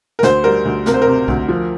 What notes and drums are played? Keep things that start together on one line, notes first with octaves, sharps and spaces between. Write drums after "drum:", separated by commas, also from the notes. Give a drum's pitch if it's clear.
A#4
D2 C5, drum: snare
G3 A#4
D2
C3 A#4, drum: snare
C5
A#4
C3
D2, drum: kick B1
F3